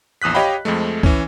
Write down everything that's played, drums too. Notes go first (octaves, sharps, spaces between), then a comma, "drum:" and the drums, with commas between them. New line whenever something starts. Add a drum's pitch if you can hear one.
A#1 E2 D#6 F#6 B6
G4 C#5 D#5 F5 G5 B5
F2 F3 G#3 A3
E3 C#4, drum: kick